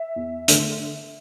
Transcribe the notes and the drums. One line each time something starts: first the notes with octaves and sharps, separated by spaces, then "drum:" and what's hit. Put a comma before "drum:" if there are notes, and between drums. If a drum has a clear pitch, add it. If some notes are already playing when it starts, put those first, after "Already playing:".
Already playing: E5
E2
D3 A3, drum: hi-hat